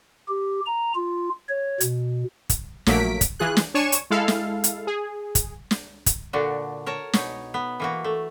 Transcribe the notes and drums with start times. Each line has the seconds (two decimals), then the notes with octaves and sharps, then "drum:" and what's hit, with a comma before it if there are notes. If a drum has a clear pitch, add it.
0.29 G4
0.66 A#5
0.95 F4
1.49 C#5
1.80 B2, drum: hi-hat
2.49 drum: kick, hi-hat
2.86 A#1 F#3 A3 A#3 B6 D7, drum: snare
3.21 drum: kick, hi-hat
3.39 E3 F4 G#4 F#6
3.57 drum: snare
3.74 D4 C#5 G#5 C#6 D#7 E7
3.92 drum: hi-hat
4.10 G#3 E4 A4 F5
4.28 drum: snare
4.64 drum: hi-hat
4.87 G#4
5.35 drum: kick, hi-hat
5.71 drum: snare
6.06 drum: kick, hi-hat
6.33 A#2 D3 D4 F#4
6.86 A#4 C#5 A5 A#5
7.13 B2 D#4 C#5, drum: snare
7.54 B3
7.80 E3 A#3 F#4
8.04 A3